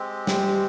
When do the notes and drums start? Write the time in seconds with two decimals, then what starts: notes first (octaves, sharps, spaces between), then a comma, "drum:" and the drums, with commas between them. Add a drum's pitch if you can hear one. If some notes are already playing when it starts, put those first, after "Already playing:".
Already playing: G#3 C4 G4
0.27 G3, drum: snare